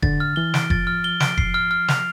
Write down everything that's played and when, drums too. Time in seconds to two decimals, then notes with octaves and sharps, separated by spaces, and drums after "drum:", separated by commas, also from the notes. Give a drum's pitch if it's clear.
0.03 D3 A6, drum: kick F1
0.20 F6
0.36 E3 G7
0.54 D7, drum: snare
0.70 F3 A6, drum: kick F1
0.87 F6
1.04 G7
1.20 D7, drum: snare
1.38 C7, drum: kick F1
1.54 F6
1.71 F6
1.88 F7, drum: snare